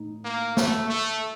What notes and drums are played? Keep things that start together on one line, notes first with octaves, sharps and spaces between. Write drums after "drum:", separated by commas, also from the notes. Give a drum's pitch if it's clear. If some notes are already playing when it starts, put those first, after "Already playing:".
Already playing: A2 D#4
A#3
A3, drum: snare
A3